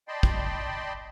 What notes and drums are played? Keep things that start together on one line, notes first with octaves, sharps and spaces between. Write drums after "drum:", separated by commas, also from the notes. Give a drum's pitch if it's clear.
D5 D#5 G5 A5 B5 C6
drum: kick